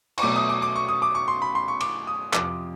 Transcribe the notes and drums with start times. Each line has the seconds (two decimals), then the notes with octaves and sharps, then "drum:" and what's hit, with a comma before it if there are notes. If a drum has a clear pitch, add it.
0.18 C#6, drum: cymbal
0.22 B2 F#3 A3 D6
0.36 D#6
0.49 D6
0.62 D6
0.76 C#6
0.88 D#6
1.02 D6
1.15 C#6
1.28 C6
1.42 B5
1.55 C6
1.68 C#6
1.80 D6, drum: cymbal
2.07 D#6
2.33 F2 C3 F3 D6, drum: clap